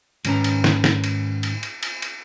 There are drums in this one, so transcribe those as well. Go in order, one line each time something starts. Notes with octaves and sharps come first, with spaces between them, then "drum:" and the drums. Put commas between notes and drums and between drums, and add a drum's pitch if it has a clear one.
G#2 D#3 C#4 G#4 B4 A#5, drum: cymbal
drum: cymbal
drum: snare
drum: snare
drum: cymbal
drum: cymbal
drum: cymbal
drum: cymbal
drum: cymbal